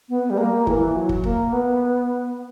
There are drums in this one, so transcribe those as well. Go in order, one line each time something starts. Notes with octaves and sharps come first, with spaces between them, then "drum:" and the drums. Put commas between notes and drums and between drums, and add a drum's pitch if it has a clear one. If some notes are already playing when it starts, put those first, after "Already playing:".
B3
G3
A#3
E3, drum: kick
F#3
drum: kick
A#3, drum: kick
B3